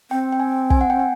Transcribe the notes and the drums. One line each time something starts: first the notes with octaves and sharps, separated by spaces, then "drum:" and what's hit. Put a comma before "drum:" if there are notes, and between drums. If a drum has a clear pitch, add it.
C4 G5
G5
G#5
G#5, drum: kick
F#5
G5
G#5